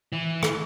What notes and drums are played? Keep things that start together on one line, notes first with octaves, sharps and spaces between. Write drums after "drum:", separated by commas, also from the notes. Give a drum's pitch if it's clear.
E3
drum: rim click